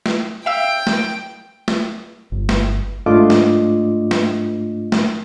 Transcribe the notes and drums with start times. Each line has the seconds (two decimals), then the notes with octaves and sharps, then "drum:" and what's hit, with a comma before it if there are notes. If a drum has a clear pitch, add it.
0.06 drum: snare
0.46 E5 F5 G5 E6
0.87 drum: snare
1.68 drum: snare
2.32 G1
2.49 drum: snare
3.06 G#2 A3 D4 F4 D#5 D6
3.30 drum: snare
4.11 drum: snare
4.92 drum: snare